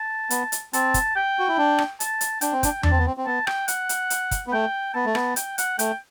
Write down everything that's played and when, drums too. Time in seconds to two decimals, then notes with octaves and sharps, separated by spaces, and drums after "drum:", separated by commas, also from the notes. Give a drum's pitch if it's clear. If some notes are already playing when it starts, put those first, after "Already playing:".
Already playing: A5
0.30 B3, drum: hi-hat
0.52 drum: hi-hat
0.73 C4 A5, drum: hi-hat
0.94 drum: kick, hi-hat
1.16 G5
1.39 F#4
1.48 E4
1.58 D4
1.78 drum: rim click
2.00 A5, drum: hi-hat
2.21 drum: hi-hat
2.41 D4 G5, drum: hi-hat
2.52 C4
2.63 D4 G5, drum: kick, hi-hat
2.83 D4 A5, drum: tom E2
2.91 C4
2.99 B3
3.06 C4
3.17 C4
3.26 B3 A5
3.47 G5, drum: rim click
3.68 F#5, drum: hi-hat
3.89 drum: hi-hat
4.10 drum: hi-hat
4.31 drum: kick, hi-hat
4.47 B3
4.53 A3 G5
4.94 B3 A5
5.05 A3
5.15 B3, drum: rim click
5.36 G5, drum: hi-hat
5.58 F#5, drum: hi-hat
5.79 A3 G5, drum: hi-hat